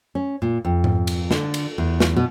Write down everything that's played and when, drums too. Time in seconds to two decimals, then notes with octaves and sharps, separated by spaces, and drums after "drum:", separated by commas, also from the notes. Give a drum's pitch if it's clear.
0.15 C#4
0.42 A#2
0.65 F2
0.84 drum: tom G#2
1.07 drum: cymbal
1.31 D3, drum: snare
1.54 drum: cymbal
1.78 E2
2.00 drum: snare
2.16 B2